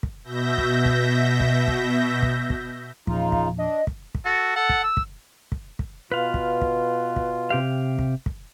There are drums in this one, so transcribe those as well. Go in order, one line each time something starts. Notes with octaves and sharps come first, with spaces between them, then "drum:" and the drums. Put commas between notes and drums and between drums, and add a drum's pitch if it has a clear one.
drum: kick
B2 E5 G6 A#6
drum: kick
drum: kick
drum: kick
drum: kick
drum: kick
drum: kick
E2 A#2 C#3 F3 D#4 F4, drum: kick
drum: kick
D4 D#5
drum: kick
drum: kick
F#4 A4
A4 F#5
drum: kick
E6
drum: kick
drum: kick
drum: kick
B2 F4 B4 F5
drum: kick
drum: kick
drum: kick
C3 G4 F5
drum: kick
drum: kick